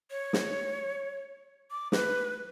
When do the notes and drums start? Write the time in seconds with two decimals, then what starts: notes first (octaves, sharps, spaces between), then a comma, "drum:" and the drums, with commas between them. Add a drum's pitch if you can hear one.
0.11 C#5
0.33 drum: snare
1.71 D6
1.92 B4, drum: snare